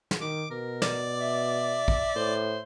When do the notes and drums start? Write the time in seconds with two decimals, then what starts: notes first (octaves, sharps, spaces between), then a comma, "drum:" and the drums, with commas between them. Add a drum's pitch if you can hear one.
0.11 drum: snare
0.21 D#3 D6
0.51 B2 A#4
0.82 D5, drum: snare
1.21 E5
1.88 drum: kick
2.16 A2 C5